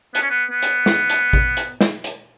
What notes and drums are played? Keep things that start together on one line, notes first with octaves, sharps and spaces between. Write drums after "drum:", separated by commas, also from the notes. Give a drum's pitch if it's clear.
B3, drum: hi-hat
C#4
B3
B3
drum: hi-hat
drum: snare
drum: hi-hat
drum: kick A1
drum: hi-hat
drum: snare
drum: hi-hat